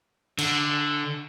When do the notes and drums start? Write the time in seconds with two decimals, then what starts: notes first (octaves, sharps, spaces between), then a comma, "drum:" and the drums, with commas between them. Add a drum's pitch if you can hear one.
0.38 D3, drum: cymbal